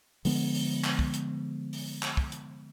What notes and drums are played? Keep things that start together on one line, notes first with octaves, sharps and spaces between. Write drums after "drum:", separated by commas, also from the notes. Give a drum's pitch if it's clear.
D3 F3 G#3 B3, drum: open hi-hat
drum: open hi-hat
drum: clap
drum: kick
drum: hi-hat
drum: open hi-hat
drum: clap
drum: kick
drum: hi-hat